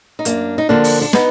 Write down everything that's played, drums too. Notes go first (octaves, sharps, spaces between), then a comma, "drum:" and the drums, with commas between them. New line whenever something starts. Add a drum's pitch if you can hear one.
D#4
F#2 A#3 D4, drum: hi-hat
D#4
D3 F3 A#3 D4
drum: open hi-hat
D4
B3 D#4, drum: snare